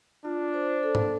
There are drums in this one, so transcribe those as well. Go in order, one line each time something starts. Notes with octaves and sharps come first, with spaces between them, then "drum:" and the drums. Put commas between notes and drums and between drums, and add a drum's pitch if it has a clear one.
D4 F4
C5
A4
drum: tom G#2